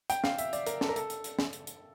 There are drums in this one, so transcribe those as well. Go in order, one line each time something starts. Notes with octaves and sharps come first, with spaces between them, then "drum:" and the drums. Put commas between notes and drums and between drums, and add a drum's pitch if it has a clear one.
G5, drum: hi-hat
F5, drum: snare
E5, drum: hi-hat
D5, drum: hi-hat
A#4, drum: hi-hat
A4, drum: snare
A#4
A4, drum: hi-hat
drum: hi-hat
drum: hi-hat
drum: snare
drum: hi-hat
drum: hi-hat